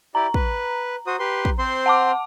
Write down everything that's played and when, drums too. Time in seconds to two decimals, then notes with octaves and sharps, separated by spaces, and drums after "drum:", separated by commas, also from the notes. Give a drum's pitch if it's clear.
0.15 E4 G4 D5 A#5
0.34 B4, drum: kick
1.07 F#4 C5 D#6
1.19 G4 B4 C6
1.45 drum: kick
1.59 C4 C5 C6
1.86 F#5 A5 D6